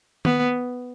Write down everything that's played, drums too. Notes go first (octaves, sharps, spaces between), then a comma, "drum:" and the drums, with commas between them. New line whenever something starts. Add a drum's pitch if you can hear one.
B3, drum: tom D#3